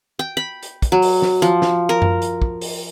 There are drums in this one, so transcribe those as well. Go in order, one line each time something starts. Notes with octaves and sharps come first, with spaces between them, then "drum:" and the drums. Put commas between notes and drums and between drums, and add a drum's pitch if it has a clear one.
G5
B5
drum: hi-hat
drum: kick, hi-hat
F#3
drum: open hi-hat
drum: snare
F3, drum: hi-hat
drum: snare
A#4
drum: tom F#2
drum: hi-hat
drum: kick
drum: open hi-hat